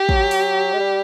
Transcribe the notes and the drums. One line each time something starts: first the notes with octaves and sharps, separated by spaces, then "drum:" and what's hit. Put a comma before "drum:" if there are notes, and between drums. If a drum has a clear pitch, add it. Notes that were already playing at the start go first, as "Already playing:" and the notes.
Already playing: G4
F#3, drum: kick
drum: open hi-hat
G#3
G3